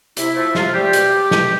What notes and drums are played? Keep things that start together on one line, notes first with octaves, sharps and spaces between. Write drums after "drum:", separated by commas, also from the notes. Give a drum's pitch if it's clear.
C3 E4, drum: hi-hat
F3 A3
C3 F4, drum: snare
F3 G3 A3 G4
B2, drum: hi-hat
G3
B2, drum: snare